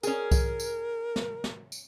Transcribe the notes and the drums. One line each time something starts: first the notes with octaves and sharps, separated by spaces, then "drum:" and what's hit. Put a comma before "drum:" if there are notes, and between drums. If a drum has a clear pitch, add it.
C#4 G#4 A#4, drum: tambourine
drum: kick C2, tambourine
drum: tambourine
drum: snare
drum: snare
drum: tambourine